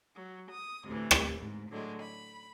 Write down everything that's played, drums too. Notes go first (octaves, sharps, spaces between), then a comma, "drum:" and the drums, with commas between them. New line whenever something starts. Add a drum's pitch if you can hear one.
F#3
D#6
D2 A2 C3 E3
drum: rim click
G#2
A2 D3 F#3 G#3
B5